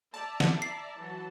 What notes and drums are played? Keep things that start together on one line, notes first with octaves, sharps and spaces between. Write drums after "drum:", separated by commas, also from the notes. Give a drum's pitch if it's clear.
D5 E5 A5 A#5
drum: snare
C7
E3 F#3 F#4